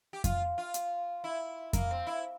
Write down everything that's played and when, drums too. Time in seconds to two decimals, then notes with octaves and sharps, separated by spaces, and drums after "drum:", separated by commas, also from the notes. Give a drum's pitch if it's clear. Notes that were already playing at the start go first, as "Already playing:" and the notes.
0.13 G4
0.24 F4, drum: kick F2, hi-hat
0.58 F4
0.74 drum: hi-hat
1.24 E4
1.73 A#3, drum: kick F2, hi-hat
1.91 C4
2.07 E4